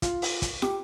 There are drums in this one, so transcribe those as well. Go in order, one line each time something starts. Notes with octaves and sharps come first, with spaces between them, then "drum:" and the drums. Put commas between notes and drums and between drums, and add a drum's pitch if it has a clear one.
F4, drum: kick, hi-hat
drum: open hi-hat
drum: kick, hi-hat
G4, drum: snare